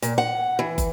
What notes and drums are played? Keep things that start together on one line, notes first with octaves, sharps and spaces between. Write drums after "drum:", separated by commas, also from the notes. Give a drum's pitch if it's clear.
A#2, drum: hi-hat
F#5
E3
drum: kick, hi-hat